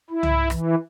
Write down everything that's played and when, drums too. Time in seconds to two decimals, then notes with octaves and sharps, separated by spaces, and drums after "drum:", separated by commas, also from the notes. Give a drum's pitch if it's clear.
0.10 E4
0.23 drum: tom C2
0.50 E3, drum: rim click